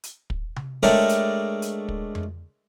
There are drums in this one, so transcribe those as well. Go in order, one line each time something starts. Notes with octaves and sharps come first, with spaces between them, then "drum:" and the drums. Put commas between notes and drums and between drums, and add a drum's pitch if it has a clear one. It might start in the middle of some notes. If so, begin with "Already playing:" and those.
drum: hi-hat
drum: kick
drum: tom C3
G#3 A3 D4 A#4 C#5 G5
drum: hi-hat
drum: hi-hat
drum: kick
drum: tom F2